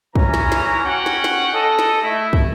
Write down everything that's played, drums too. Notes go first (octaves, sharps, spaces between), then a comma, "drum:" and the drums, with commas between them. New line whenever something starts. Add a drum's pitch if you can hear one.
E3 C#4 A#5, drum: kick
drum: snare
drum: snare
C#4 F#4 F#5 G5
drum: snare
drum: snare
A4 D#5
drum: snare
A3 E4
drum: kick